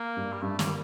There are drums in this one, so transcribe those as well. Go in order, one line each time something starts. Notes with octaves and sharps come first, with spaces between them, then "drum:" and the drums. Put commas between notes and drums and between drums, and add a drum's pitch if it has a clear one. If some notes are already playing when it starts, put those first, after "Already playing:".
Already playing: A#3
G2
G3
G2 A3
G3, drum: snare
A#3